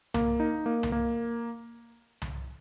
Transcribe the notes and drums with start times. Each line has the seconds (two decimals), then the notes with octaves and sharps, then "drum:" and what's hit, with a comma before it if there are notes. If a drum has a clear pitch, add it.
0.14 A#3, drum: tom C2
0.40 D#4
0.66 A#3
0.83 drum: tom C2
0.92 A#3
2.22 drum: tom C2